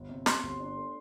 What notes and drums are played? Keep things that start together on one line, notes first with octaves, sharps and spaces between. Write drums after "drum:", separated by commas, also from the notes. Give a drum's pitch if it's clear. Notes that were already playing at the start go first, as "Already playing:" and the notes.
Already playing: G1
C3
C3 C6, drum: snare
G1
D4
A3